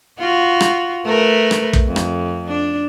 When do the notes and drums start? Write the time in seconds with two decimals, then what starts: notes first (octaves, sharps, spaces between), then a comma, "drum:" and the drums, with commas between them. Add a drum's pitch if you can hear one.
0.19 F4 F#4
0.61 drum: rim click
1.06 A3 A#4 B4
1.51 drum: rim click
1.73 drum: kick
1.87 F2
1.96 drum: rim click
2.48 D4